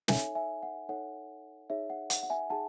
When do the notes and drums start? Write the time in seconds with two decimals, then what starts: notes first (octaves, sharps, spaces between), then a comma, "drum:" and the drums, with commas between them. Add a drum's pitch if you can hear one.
0.08 D#4 A4 C#5 E5 G#5, drum: snare
0.35 E5 G#5
0.63 F#5
0.89 D#4 A4 C#5 F#5
1.70 D#4 G#4 C#5 E5
1.90 F#5
2.10 F#5, drum: hi-hat
2.23 F#5
2.30 E5 G#5
2.50 D#4 G#4 F#5 A5